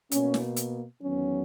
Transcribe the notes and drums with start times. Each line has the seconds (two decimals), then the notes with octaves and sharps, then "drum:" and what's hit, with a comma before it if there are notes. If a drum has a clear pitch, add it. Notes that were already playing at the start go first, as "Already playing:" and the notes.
0.11 B2 A#3 C#4, drum: hi-hat
0.34 drum: snare
0.56 drum: hi-hat
1.01 E2 D#3 F#3 B3 C#4